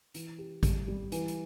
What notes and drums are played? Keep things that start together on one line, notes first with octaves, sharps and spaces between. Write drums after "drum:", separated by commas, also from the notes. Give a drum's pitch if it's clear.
E3, drum: hi-hat
G4
G3, drum: kick A1, hi-hat
G3
E3, drum: hi-hat
drum: hi-hat